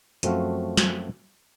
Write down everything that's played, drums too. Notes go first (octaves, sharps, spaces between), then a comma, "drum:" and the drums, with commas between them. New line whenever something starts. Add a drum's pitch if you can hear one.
F#2 F3 A3 C4 F#4 F5, drum: hi-hat
drum: snare